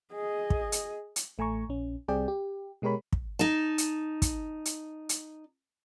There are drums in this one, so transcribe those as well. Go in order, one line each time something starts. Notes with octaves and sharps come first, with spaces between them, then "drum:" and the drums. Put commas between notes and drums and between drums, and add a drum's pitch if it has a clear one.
G#4 D#5
drum: kick
drum: hi-hat
drum: hi-hat
A1 A3 G#5 A#5 C#6
A#1 C#4
C2 G3 C4 G#4 D5 G5
G4
B2 G#3 G4 A#4 C#5 B5
drum: kick
D#4 A5
drum: hi-hat
drum: kick, hi-hat
drum: hi-hat
drum: hi-hat